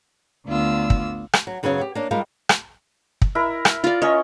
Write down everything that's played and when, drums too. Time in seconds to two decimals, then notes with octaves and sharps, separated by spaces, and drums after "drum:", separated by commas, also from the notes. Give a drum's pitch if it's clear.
0.47 D2 D3 B3 D4 F4 E6
0.90 drum: kick
1.33 drum: rim click
1.47 F#3
1.63 F#2 C#3 F#3 B3 C#5 F5
1.81 G4
1.95 A#3 D4 C#5
2.11 G3 G#3 F4 G4 A#4 F5
2.49 drum: rim click
3.22 drum: kick
3.35 E4 A#4
3.65 drum: rim click
3.84 F4 D5
4.02 C#4 A#4 C#5 D#5